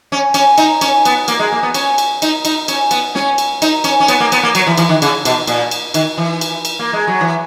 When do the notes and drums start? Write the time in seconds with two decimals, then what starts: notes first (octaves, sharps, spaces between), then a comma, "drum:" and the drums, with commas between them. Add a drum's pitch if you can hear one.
0.12 C#4
0.34 C#4, drum: cymbal
0.58 D#4, drum: cymbal
0.81 C#4, drum: cymbal
1.05 B3, drum: cymbal
1.28 A#3, drum: cymbal
1.39 G#3
1.52 A#3
1.63 B3
1.74 C#4, drum: cymbal
1.98 drum: cymbal
2.22 D#4, drum: cymbal
2.45 D#4, drum: cymbal
2.68 C#4, drum: cymbal
2.91 B3, drum: cymbal
3.15 C#4, drum: snare
3.38 drum: cymbal
3.62 D#4, drum: cymbal
3.84 C#4, drum: cymbal
4.00 C#4
4.08 B3, drum: cymbal
4.20 A#3
4.32 B3, drum: cymbal
4.43 A#3
4.55 F#3, drum: cymbal
4.67 E3
4.77 E3, drum: cymbal
4.89 D#3
5.02 C#3, drum: cymbal
5.25 B2, drum: cymbal
5.47 A#2, drum: cymbal
5.71 drum: cymbal
5.94 D#3, drum: cymbal
6.17 E3
6.41 drum: cymbal
6.65 drum: cymbal
6.79 A#3
6.93 G#3
7.08 F#3
7.21 E3